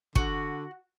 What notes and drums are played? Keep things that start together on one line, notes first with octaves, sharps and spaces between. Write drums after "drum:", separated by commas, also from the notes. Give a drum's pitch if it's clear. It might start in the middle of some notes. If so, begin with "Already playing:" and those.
D3 F#4, drum: kick